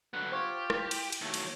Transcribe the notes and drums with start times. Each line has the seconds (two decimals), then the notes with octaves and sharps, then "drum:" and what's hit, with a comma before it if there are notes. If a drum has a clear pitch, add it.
0.14 D3 F#3 B3 F#6
0.32 F4 G4 C5 C#6 G#6
0.70 E4, drum: rim click
0.91 drum: cymbal
1.12 drum: cymbal
1.22 D#2 F#3 A3
1.34 drum: cymbal